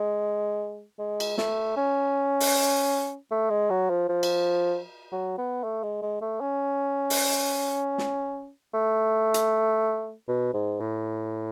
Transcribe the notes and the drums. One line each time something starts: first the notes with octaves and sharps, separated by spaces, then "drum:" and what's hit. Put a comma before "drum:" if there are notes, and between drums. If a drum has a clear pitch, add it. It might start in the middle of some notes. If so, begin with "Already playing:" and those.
Already playing: G#3
G#3
drum: cymbal
A3, drum: snare
C#4
drum: open hi-hat
A3
G#3
F#3
F3
F3
drum: cymbal
F#3
B3
A3
G#3
G#3
A3
C#4
drum: open hi-hat
drum: snare
A3
drum: hi-hat
B2
G#2
A2